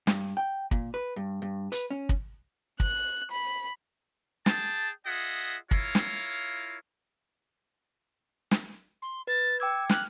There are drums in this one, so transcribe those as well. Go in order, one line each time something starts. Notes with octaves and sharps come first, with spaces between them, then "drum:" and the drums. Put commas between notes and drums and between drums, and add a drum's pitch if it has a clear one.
G2, drum: snare
G5
A#2, drum: kick
B4
G2
G2
B4, drum: hi-hat
C#4
drum: kick
F#6, drum: kick
B5
G#4 G5 A5, drum: snare
F4 G#4 D#5 E5 F#5
E4 F4 A#4 C#5 F5, drum: kick
drum: snare
drum: snare
C6
B4 A6
G5 D6 E6 G#6
F6 F#6, drum: snare